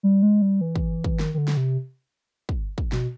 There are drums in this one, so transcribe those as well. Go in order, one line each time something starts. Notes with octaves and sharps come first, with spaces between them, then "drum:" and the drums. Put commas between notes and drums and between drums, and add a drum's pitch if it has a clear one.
G3
G#3
G3
E3
drum: kick
drum: kick
D#3, drum: snare
D#3
D3
drum: snare
C3
drum: kick
drum: kick
B2, drum: snare